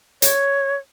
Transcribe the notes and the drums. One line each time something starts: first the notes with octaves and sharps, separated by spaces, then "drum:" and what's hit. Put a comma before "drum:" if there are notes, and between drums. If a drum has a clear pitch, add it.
C#5, drum: hi-hat